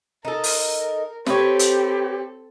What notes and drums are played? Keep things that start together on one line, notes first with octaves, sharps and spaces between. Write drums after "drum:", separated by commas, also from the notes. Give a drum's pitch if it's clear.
D#4 A4 A#4
drum: open hi-hat
C4 G4 A4 B4 C#5, drum: snare
drum: hi-hat